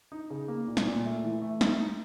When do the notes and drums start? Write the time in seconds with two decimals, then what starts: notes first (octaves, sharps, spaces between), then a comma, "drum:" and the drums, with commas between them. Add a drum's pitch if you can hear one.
0.12 D#4
0.30 C#3
0.48 A#3
0.68 A#2
0.77 drum: snare
0.86 A#2
1.05 A3
1.24 E3
1.42 A3
1.61 D#4, drum: snare
1.79 D#4